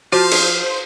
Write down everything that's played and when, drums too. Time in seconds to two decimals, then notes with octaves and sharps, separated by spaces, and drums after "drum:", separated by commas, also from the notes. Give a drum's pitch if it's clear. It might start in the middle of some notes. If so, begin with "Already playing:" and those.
0.12 F3 F#4 C5 F5
0.31 drum: cymbal